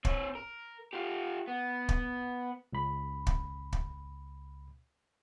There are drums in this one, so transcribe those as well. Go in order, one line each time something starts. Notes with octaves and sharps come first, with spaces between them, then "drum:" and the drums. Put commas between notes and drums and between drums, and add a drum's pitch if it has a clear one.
C4 C#5, drum: kick
A#4
F4 G4
B3
drum: kick
C#2 B5
drum: kick
drum: kick